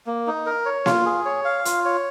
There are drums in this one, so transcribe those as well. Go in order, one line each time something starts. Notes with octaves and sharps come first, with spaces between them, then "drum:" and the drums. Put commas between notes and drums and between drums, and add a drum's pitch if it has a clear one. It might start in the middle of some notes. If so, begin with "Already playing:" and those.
A#3
D#4
A#4
C#5
F4, drum: snare A#3
G#4
C#5
F5
F4, drum: hi-hat
C#5